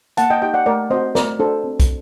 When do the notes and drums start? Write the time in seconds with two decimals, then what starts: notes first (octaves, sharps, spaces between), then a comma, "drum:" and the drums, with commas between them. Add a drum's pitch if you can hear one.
0.17 A#3 F#5 A5, drum: hi-hat
0.30 D#5 G5
0.42 D#4 G4 D#5 G5
0.54 D5 F#5
0.66 A3 A#4 D5
0.90 C4 F#4 C5 D#5
1.15 A3 A#4 D5, drum: snare
1.39 D4 F#4 A4 C5
1.64 C4
1.80 drum: kick, hi-hat